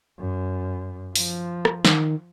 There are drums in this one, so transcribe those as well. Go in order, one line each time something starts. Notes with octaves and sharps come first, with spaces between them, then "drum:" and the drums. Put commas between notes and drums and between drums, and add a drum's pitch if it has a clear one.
F#2
F3, drum: open hi-hat
drum: rim click
D#3, drum: snare